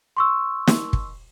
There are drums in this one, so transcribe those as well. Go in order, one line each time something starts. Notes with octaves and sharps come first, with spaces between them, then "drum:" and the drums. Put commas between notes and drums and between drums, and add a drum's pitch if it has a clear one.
C6 C#6 E6
drum: snare
drum: kick